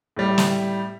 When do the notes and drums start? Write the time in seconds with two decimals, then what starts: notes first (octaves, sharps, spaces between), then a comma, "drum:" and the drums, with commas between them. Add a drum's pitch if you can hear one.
0.17 A2 G3
0.38 drum: snare